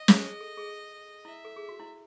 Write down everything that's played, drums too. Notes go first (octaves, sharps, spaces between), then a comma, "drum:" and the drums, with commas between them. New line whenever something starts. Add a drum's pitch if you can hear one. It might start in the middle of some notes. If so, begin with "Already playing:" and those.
Already playing: D#5
G#4, drum: snare
G#4
A4
G#4
E4 E5
A4
G#4
F#4
E4